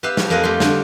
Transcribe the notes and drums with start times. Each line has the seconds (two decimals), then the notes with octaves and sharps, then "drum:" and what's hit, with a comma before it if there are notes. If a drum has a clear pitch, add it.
0.03 B3 G4 B4 E5 F5
0.17 F3, drum: snare
0.30 F2 A#3 F4 D#5 F#5 G#5
0.43 A3 F4 G4 C6
0.60 D3 G3, drum: snare